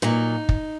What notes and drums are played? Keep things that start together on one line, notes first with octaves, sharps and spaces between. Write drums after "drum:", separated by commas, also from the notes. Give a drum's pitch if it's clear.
A#2 F#3 D#4
drum: kick